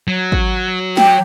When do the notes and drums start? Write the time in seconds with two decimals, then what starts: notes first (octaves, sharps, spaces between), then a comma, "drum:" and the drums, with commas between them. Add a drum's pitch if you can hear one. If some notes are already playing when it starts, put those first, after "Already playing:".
0.08 F#3
0.32 drum: kick G#1
0.97 G5, drum: snare